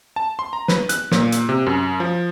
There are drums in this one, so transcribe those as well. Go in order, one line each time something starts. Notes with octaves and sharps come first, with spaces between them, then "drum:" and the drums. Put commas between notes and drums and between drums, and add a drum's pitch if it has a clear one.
A5
C6
A#5
B4, drum: snare
F#6, drum: hi-hat
A#2, drum: snare
drum: hi-hat
C3
F#2
F3